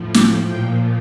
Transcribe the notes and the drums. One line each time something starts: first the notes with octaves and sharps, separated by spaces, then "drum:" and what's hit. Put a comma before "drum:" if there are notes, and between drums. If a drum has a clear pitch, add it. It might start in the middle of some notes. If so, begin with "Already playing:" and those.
Already playing: A2 F3
G5, drum: snare
A#2 F3 G5